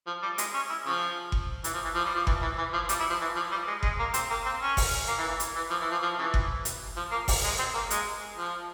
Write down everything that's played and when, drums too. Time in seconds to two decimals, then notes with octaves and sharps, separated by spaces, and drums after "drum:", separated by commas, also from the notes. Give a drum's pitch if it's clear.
0.07 F3
0.23 G3
0.38 G#3, drum: hi-hat
0.54 C#4
0.70 E4
0.86 C#3 F3
1.32 drum: kick F#1
1.64 E3, drum: hi-hat
1.74 F3
1.84 E3
1.95 F3
2.05 G3
2.15 F3
2.27 E3, drum: kick F#1
2.42 E3
2.58 E3
2.73 F3
2.89 G3, drum: hi-hat
3.00 E4
3.10 F3
3.21 E3
3.36 F3
3.51 G3
3.67 G#3
3.83 G#3, drum: kick F#1
3.99 A#3
4.14 C4, drum: hi-hat
4.31 A#3
4.45 C4
4.62 C#4
4.77 drum: kick F#1, open hi-hat
5.08 A#3
5.19 E3
5.29 E3
5.40 drum: hi-hat
5.56 E3
5.70 F3
5.81 E3
5.91 F3
6.02 F3
6.18 C#3 E3
6.34 drum: kick F#1
6.65 drum: hi-hat
6.97 F3
7.12 A#3
7.28 drum: kick F#1, open hi-hat
7.44 G#3
7.59 C4
7.74 A#3
7.90 G#3, drum: hi-hat
8.37 F3